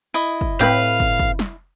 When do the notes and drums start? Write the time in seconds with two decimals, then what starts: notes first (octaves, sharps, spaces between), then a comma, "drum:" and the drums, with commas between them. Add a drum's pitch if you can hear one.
0.14 E4 D#5
0.41 drum: kick
0.61 A2 C4 G4 B4 F5, drum: snare
1.00 drum: kick
1.19 drum: kick
1.39 drum: snare